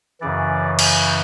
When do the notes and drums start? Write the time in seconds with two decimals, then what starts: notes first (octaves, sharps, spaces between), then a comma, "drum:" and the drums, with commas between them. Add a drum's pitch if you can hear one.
0.21 F#2 C#3 E3 D5
0.79 drum: cymbal